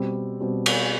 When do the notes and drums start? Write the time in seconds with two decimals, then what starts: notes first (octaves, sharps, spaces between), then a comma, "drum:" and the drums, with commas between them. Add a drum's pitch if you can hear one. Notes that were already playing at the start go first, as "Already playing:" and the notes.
Already playing: B2 G3 C4
0.40 B2 G3 C4
0.66 drum: cymbal